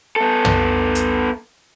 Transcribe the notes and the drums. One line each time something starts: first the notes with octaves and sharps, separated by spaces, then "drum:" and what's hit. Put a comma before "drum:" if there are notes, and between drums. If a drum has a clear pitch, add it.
B3 A4
drum: tom
drum: hi-hat